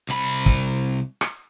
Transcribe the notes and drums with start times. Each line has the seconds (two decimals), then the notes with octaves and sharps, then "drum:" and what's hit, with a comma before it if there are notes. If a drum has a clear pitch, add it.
0.09 C2 B5
0.46 drum: kick
1.21 drum: rim click